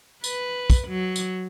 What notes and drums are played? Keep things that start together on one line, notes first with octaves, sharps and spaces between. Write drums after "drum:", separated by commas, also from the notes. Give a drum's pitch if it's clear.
B4, drum: tambourine
drum: kick, tambourine
F#3
drum: tambourine